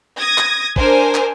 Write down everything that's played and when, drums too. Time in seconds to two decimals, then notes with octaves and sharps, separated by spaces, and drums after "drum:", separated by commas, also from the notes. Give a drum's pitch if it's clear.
0.19 D#6 G#6 A#6
0.38 drum: clap
0.76 D4 A#4 C5 G#5, drum: kick
1.15 drum: clap